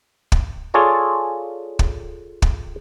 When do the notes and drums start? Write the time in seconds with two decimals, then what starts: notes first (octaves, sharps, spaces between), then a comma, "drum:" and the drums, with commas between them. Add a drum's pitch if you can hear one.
0.32 drum: kick
0.74 F4 G#4 A4 C#5 D5
1.79 drum: kick
2.42 drum: kick